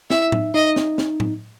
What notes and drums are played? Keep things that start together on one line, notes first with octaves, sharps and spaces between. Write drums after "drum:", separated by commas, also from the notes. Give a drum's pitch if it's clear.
E4 E5, drum: snare
D#4, drum: tom A2
D#4 D#5
drum: snare
drum: snare
drum: tom A2